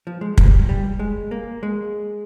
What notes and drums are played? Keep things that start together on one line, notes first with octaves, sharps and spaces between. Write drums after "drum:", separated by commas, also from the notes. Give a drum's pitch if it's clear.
F3
G#3
F3, drum: kick
G3
G3
G#3
A#3
G#3